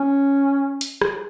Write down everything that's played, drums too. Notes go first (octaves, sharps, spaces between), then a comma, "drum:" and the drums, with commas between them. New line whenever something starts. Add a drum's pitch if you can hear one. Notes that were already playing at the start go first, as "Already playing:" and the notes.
Already playing: C#4
drum: hi-hat
drum: rim click